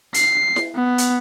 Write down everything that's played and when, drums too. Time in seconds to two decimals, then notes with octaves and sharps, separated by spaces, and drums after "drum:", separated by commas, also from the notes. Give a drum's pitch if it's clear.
0.14 C7, drum: hi-hat
0.56 drum: snare E4
0.75 B3
0.98 drum: hi-hat